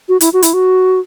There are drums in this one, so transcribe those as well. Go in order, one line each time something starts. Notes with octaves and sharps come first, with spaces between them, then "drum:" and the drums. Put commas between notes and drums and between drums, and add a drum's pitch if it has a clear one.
F#4
E4, drum: hi-hat
F#4
E4, drum: hi-hat
F#4